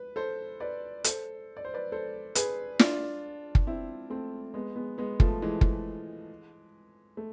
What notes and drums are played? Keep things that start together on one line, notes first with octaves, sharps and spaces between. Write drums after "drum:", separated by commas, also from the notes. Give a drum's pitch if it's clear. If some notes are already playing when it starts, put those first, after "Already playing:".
Already playing: B4
A4 C5
B4 D5
A4 C5, drum: hi-hat
D5
C5
B4 D5
A4 C5
G#4 B4, drum: hi-hat
D4 F4, drum: snare
drum: kick
C4 E4
A3 C4
G#3 B3
G#3 B3
G#3 B3
F3 A3, drum: kick
E3 G#3
drum: kick
A3